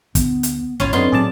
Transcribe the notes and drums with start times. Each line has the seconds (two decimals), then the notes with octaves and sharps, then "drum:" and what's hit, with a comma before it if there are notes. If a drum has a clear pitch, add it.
0.15 D2 B3, drum: kick, hi-hat
0.43 drum: hi-hat
0.80 G#1 D2 C#4 E4 F4
0.93 F#2 D3 B3 C4 D#4 F4 C6
1.12 A2 F#3 G#4 D5 A5